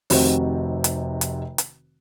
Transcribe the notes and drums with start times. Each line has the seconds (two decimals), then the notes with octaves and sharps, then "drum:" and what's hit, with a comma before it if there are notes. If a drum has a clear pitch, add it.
0.10 F1 C3 D#3 F#4 C5, drum: open hi-hat
0.84 drum: hi-hat
1.21 drum: hi-hat
1.58 drum: hi-hat